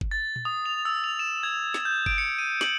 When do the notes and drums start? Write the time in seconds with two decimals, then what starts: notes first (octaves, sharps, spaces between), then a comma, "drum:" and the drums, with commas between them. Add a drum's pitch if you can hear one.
0.01 drum: kick G1
0.11 A6
0.36 drum: tom A#2
0.45 D#6
0.66 F7
0.85 E6
1.04 F7
1.19 E7
1.43 G#6
1.74 drum: snare
1.85 G6
2.06 D7, drum: kick G1
2.18 C#7
2.39 D#7
2.61 F#7, drum: snare